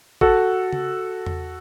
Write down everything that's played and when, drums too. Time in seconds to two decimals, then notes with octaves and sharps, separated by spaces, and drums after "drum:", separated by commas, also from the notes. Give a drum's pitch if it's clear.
0.21 F#4 A4, drum: kick A1
0.73 drum: tom C#3
1.26 drum: tom E2